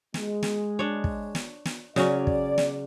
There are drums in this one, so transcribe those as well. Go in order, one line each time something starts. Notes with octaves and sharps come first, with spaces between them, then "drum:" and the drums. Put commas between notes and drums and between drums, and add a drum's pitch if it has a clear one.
G#3, drum: snare
drum: snare
D4 C#5
drum: kick
drum: snare
drum: snare
C#3 F#3 C#4 D5, drum: snare
drum: kick
drum: snare